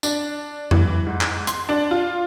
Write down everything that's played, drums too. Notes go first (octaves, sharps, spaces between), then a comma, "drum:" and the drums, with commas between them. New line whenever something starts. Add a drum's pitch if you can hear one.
D4, drum: tambourine
E3, drum: tom F2
G#2
drum: clap
C6, drum: hi-hat
D4
F4